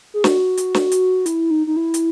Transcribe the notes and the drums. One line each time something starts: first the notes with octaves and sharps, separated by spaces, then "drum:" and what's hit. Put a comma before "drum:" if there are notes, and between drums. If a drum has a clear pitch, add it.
G#4
F#4, drum: snare
drum: hi-hat
drum: snare
drum: hi-hat
E4, drum: hi-hat
D#4
D#4
E4
drum: hi-hat